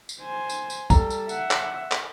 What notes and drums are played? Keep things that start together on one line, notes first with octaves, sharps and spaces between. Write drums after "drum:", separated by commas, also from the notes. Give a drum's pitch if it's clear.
drum: tambourine
C5 G#5
drum: tambourine
drum: tambourine
G3 A4 A#5, drum: kick, tambourine
drum: tambourine
E5 F#5, drum: tambourine
drum: clap
drum: clap